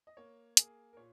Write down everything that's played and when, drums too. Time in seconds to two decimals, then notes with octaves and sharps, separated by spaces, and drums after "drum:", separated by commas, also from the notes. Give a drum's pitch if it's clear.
0.07 D#5
0.17 A#3 C#5
0.57 A#3 G#4, drum: hi-hat
0.93 A#4
0.97 A#2 C#5